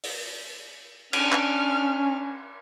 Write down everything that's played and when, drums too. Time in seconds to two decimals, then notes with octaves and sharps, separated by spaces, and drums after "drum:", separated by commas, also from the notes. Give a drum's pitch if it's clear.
0.03 drum: open hi-hat
1.13 C#4 D4 F6, drum: cymbal
1.32 drum: clap